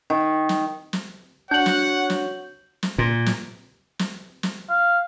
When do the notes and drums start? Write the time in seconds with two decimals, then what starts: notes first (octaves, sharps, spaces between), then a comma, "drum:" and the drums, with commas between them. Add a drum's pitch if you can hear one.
0.10 D#3
0.49 drum: snare
0.93 drum: snare
1.51 D4 F#4 C#5 F#5 G6 F#7
1.66 drum: snare
2.10 drum: snare
2.83 drum: snare
2.98 A#2
3.26 drum: snare
3.99 drum: snare
4.43 drum: snare
4.70 F5